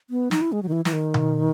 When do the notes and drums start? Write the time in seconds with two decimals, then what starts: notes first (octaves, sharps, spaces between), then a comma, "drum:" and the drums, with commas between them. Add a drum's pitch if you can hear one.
0.10 B3
0.31 D#4, drum: snare
0.41 E4
0.52 G#3
0.63 F#3
0.68 D#3
0.72 E3
0.85 E3, drum: snare
0.93 D#3
1.14 drum: tom B2